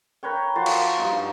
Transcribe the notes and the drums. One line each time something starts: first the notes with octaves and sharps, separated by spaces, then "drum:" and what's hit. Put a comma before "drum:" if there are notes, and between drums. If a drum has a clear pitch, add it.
A#4 B4 C#5 G5
F3 F#4 A5 C6
drum: cymbal
G2 D#4 F4